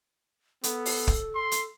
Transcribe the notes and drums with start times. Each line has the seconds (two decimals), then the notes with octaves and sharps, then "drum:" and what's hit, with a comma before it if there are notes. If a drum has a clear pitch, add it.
0.63 B3 A4, drum: hi-hat
0.85 drum: open hi-hat
1.07 drum: kick
1.35 C6
1.51 drum: hi-hat